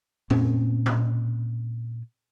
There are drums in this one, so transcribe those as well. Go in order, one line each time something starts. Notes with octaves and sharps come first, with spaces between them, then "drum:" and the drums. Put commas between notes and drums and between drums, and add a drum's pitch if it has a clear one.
A#2 C4 C#4, drum: tom F2
drum: tom A#2